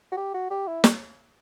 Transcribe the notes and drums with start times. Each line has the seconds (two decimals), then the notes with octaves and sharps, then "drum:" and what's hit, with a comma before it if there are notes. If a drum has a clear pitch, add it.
0.12 F#4
0.17 G4
0.34 F#4
0.50 G4
0.67 E4
0.84 drum: snare